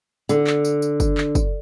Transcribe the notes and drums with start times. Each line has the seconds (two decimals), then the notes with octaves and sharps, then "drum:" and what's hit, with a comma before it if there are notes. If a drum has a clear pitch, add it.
0.29 D3, drum: tambourine
0.47 drum: clap
0.65 drum: tambourine
0.82 drum: tambourine
1.00 drum: kick, tambourine
1.18 drum: clap
1.35 drum: kick, tambourine